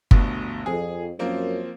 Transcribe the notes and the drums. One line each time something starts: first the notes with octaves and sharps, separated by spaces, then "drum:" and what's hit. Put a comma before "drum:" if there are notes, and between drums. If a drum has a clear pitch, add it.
G1 D2 B2, drum: kick G1
F2 G#4
F#2 F3 A#3 C4